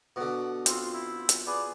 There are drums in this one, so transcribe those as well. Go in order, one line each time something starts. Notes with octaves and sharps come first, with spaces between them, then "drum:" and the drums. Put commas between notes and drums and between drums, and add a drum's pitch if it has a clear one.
B2 D3 F#4
C4 F4 C6, drum: hi-hat
E4
drum: hi-hat
B3 G#4 D5